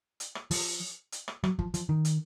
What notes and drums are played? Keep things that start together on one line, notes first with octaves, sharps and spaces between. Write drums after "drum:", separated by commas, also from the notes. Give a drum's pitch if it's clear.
drum: hi-hat
drum: rim click
F3, drum: open hi-hat
drum: hi-hat
drum: rim click
F#3, drum: rim click
F3, drum: kick
F3, drum: hi-hat
D#3
drum: hi-hat